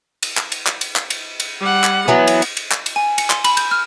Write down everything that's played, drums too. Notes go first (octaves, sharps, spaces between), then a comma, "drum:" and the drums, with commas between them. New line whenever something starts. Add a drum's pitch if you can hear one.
drum: cymbal
drum: clap
drum: cymbal
drum: clap
drum: cymbal
drum: clap
drum: cymbal
drum: cymbal
G3 F#5
drum: clap
E3 F#3 B3
drum: cymbal
drum: cymbal
drum: cymbal
drum: clap
drum: cymbal
G#5
C#7, drum: cymbal
C6, drum: clap
B5, drum: cymbal
G6, drum: cymbal
F6